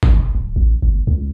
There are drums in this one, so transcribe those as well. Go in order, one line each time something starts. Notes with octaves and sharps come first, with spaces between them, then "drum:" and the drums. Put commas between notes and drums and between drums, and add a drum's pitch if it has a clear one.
drum: kick
F1
D1
A1
G1
C#2